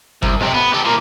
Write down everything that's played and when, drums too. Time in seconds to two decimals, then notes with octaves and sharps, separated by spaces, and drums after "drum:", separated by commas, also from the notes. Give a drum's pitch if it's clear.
0.23 C2, drum: kick G1
0.41 F2 C3
0.54 B3
0.74 G4 A4
0.85 F3 A#3